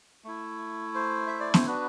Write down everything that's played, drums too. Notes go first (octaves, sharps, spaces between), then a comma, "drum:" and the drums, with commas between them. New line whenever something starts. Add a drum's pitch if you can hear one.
A3 E4
C5
E5
D5
C5, drum: snare B3
B3 D4 F#4 B4